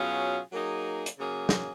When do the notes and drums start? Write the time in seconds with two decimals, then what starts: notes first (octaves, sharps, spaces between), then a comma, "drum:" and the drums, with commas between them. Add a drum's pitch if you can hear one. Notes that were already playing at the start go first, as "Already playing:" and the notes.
Already playing: B2 F#3 C#4 F4 G#4
0.52 F#3 A#3 D#4 G#4
1.06 drum: hi-hat
1.18 C#3 F#3 A#3 C#4 G#4
1.49 drum: snare